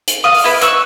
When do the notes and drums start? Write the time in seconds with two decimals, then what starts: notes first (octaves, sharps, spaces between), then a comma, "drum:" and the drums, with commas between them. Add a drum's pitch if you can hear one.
0.07 drum: hi-hat
0.24 F5 D#6
0.34 drum: open hi-hat
0.44 E4 B4
0.61 C#6 E6 F#6, drum: hi-hat